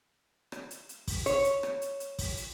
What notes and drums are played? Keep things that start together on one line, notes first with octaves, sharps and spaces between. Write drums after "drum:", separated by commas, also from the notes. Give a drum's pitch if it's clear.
drum: rim click
drum: hi-hat
drum: hi-hat
drum: kick, open hi-hat
C#5, drum: hi-hat
drum: hi-hat
drum: rim click
drum: hi-hat
drum: hi-hat
drum: kick, open hi-hat
drum: hi-hat